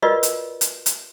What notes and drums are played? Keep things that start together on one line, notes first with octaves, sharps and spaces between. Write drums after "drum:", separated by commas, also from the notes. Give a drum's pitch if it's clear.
F4 F#4 A#4 B4 D5 D#5
drum: hi-hat
drum: hi-hat
drum: hi-hat